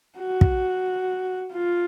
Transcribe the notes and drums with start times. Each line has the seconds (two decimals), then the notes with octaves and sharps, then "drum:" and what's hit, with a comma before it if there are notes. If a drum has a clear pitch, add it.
0.19 F#4
0.41 drum: kick
1.53 F4